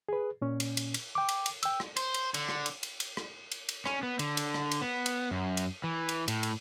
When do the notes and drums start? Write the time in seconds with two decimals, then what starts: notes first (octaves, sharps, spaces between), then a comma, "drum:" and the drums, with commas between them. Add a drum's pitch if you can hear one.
0.09 G#4 B4
0.42 A#2 C#4
0.60 drum: cymbal
0.77 drum: cymbal
0.94 drum: cymbal
1.15 G5 D6
1.29 drum: cymbal
1.46 drum: cymbal
1.63 G5 E6, drum: cymbal
1.80 drum: rim click
1.97 C5, drum: cymbal
2.14 drum: cymbal
2.34 D3, drum: cymbal
2.49 drum: rim click
2.66 drum: cymbal
2.83 drum: cymbal
3.00 drum: cymbal
3.17 drum: rim click
3.51 drum: cymbal
3.69 drum: cymbal
3.86 C#4, drum: rim click
4.03 B3
4.19 D3, drum: cymbal
4.37 drum: cymbal
4.54 drum: rim click
4.71 drum: cymbal
4.81 B3
5.06 drum: cymbal
5.31 F#2
5.57 drum: cymbal
5.84 E3
6.09 drum: cymbal
6.28 A2, drum: cymbal
6.43 drum: cymbal